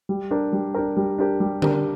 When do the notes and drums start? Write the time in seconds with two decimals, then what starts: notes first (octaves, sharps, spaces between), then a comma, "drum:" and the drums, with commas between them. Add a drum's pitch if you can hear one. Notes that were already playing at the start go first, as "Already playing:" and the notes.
0.09 G3
0.31 D4 G4 A#4
0.53 G3
0.74 D4 G4 A#4
0.97 G3
1.18 D4 G4 A#4
1.40 G3
1.62 D4 G4 A#4, drum: tom D3